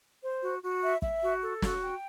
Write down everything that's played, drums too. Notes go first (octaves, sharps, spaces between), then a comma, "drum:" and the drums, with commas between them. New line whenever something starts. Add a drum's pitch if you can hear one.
C5
F#4
F#4
E5
E5, drum: kick
F#4
A4
F#4, drum: snare
G5